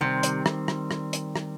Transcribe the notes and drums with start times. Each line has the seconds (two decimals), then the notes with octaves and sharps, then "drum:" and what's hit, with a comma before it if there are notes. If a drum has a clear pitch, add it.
0.01 C3 D#3 G3 C4
0.23 drum: hi-hat
0.46 drum: rim click
0.68 drum: rim click
0.91 drum: rim click
1.13 drum: hi-hat
1.36 drum: rim click